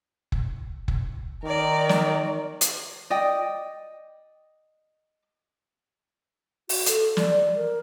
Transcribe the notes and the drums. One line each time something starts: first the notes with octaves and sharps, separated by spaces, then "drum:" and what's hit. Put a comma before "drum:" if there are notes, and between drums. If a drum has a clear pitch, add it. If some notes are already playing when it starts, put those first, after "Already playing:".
drum: kick
drum: kick
D#3 A#4 D5
drum: snare
drum: hi-hat
D5 D#5 G5
F#4, drum: open hi-hat
A4, drum: hi-hat
D5, drum: snare
A#4